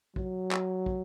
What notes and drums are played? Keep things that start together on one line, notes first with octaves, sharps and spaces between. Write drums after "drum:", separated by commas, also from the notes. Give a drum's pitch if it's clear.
F#3, drum: kick
drum: clap
drum: kick